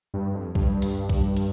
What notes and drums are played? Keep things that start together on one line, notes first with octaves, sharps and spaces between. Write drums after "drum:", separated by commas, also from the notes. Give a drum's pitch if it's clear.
G2
F2
G2, drum: kick B1
drum: hi-hat
drum: kick B1
drum: hi-hat